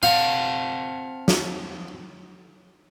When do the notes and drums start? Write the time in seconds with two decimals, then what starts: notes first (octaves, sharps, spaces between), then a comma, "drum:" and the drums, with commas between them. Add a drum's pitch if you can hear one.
0.03 C4 F5 F#5 A5
1.28 drum: snare